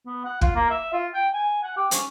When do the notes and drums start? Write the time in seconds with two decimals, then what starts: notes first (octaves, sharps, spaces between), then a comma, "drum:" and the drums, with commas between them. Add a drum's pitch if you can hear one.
0.07 B3
0.25 F#5
0.41 F4, drum: kick
0.55 A#3
0.70 E5
0.93 F4
1.14 G5
1.33 G#5
1.63 F#5
1.77 G4
1.91 C#4, drum: hi-hat